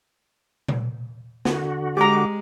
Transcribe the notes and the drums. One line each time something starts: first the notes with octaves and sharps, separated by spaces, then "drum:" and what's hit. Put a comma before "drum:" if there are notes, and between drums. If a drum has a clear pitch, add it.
drum: tom A#2
D3 F#4, drum: snare
G#3 G4 A#5 D6